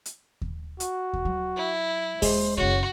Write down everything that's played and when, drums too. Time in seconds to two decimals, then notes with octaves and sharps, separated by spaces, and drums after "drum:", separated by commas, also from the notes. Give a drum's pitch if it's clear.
0.06 drum: hi-hat
0.41 drum: kick D#2
0.80 F#4, drum: hi-hat
1.13 drum: kick D#2
1.25 F#3
1.56 E4
2.22 G#3 A#3 C5, drum: kick D#2, open hi-hat
2.57 F#1 B2 F#4 C#5